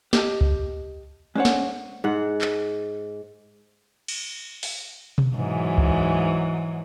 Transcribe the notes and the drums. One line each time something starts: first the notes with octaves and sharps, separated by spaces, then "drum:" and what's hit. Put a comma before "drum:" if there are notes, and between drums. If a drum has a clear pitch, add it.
G4 D#5 A5, drum: snare
drum: kick C#2
G#3 C#4 D4 C5 C#5 F#5
drum: snare
G#2 F#5
drum: clap
drum: cymbal
drum: open hi-hat
drum: tom B2
G#2 E3 F#3
drum: kick C#2